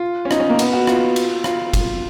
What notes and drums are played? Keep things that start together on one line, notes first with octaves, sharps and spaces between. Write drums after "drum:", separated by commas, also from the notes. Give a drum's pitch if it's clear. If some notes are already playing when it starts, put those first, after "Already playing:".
Already playing: F4
C#4
D#4, drum: rim click
C#4
A#3
B3, drum: cymbal
F#4
F4, drum: rim click
drum: cymbal
F4, drum: rim click
drum: kick, cymbal